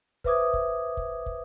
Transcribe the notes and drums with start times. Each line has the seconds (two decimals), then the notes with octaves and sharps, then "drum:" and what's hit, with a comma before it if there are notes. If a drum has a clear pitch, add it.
0.24 B4 C5 E5 D6 D#6 G#6, drum: kick
0.53 drum: kick
0.97 drum: kick
1.26 drum: kick